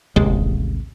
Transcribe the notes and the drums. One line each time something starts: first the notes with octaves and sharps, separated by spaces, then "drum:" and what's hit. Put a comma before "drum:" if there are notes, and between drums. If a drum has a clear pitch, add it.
A1 D#2 C3 G#3, drum: kick